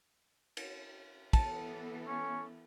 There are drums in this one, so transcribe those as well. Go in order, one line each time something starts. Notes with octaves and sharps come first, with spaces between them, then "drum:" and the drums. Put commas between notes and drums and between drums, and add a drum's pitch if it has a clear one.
drum: cymbal
E3 B3 A4 A5, drum: kick, cymbal
C#4